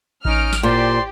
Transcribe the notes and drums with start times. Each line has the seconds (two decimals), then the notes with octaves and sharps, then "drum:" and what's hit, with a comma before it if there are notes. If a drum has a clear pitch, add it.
0.25 C#4 D#4 F6 D7, drum: kick A1
0.53 drum: snare
0.63 A#2 G4 C5 D5 C6